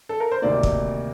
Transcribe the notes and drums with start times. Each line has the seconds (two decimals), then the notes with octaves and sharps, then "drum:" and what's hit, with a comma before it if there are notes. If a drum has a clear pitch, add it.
0.09 A4
0.20 A#4
0.31 C5
0.42 D2 C3 D#3 A#3 D5
0.63 drum: kick